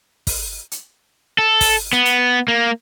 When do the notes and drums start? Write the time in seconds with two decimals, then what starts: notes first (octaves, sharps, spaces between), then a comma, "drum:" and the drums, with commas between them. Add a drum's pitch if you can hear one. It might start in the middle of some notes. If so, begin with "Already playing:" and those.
0.27 drum: kick, open hi-hat
0.71 drum: hi-hat
1.38 A4
1.61 drum: kick, open hi-hat
1.93 B3
2.05 drum: hi-hat
2.48 A#3